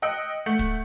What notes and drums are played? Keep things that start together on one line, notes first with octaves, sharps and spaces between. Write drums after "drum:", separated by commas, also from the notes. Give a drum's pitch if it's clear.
D#5 G5 E6 F#6 C#7
A3 F#5 G6 B6 C#7 F#7
drum: kick